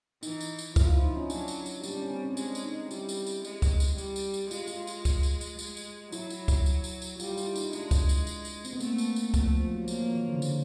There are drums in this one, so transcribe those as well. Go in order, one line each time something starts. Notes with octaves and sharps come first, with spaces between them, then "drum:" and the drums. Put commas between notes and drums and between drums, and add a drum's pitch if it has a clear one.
E3 D#4, drum: tambourine
drum: tambourine
drum: tambourine
F3 E4, drum: kick C#2, tambourine
F4
E4
D#4
C#4
F#3 D4, drum: tambourine
drum: tambourine
drum: tambourine
G3 D4, drum: tambourine
C#4
C4
C#4
G#3 D4, drum: tambourine
drum: tambourine
D#4
G3 E4, drum: tambourine
drum: tambourine
drum: tambourine
G#3, drum: tambourine
drum: kick C#2, tambourine
drum: tambourine
G3, drum: tambourine
drum: tambourine
drum: tambourine
G#3 F4, drum: tambourine
F4, drum: tambourine
drum: tambourine
drum: kick C#2, tambourine
drum: tambourine
drum: tambourine
G#3, drum: tambourine
drum: tambourine
F#3 E4, drum: tambourine
drum: tambourine
drum: kick C#2, tambourine
drum: tambourine
drum: tambourine
drum: tambourine
G3 F4, drum: tambourine
F4
E4, drum: tambourine
D#4, drum: tambourine
G#3 D4, drum: tambourine
drum: kick C#2, tambourine
drum: tambourine
drum: tambourine
drum: tambourine
C4, drum: tambourine
B3
A3 A#3, drum: tambourine
drum: tambourine
drum: tambourine
F3 A3, drum: kick C#2, tambourine
F3
F3
F#3
F#3 A#3, drum: tambourine
F3
E3
D3
C#3
D3, drum: tambourine